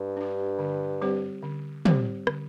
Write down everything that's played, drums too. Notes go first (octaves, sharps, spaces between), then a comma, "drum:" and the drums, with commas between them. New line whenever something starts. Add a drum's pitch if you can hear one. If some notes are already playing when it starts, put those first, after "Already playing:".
Already playing: G2
D4 G4
D3
G3 C4 G4 C5
D3
G3 C4 G4 C5, drum: tom
D3, drum: rim click